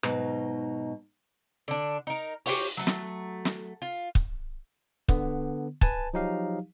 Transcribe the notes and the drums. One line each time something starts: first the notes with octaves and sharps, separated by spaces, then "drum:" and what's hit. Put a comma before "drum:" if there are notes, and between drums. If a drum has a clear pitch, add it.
G#2 B2 F#3 D#4, drum: rim click
D3 D4
D#4 A#4
G4 C5 C#5, drum: open hi-hat
F#3 A3
drum: snare
drum: snare
F4
drum: kick
D3 B3, drum: kick
B4 G#5 A5, drum: kick
F3 F#3 D#4 G4 F5